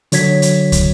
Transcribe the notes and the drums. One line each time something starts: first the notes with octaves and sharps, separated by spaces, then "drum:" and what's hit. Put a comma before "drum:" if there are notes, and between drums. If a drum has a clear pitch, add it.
D3 F#3 C#5 G#6 B6, drum: hi-hat
drum: hi-hat
drum: kick, hi-hat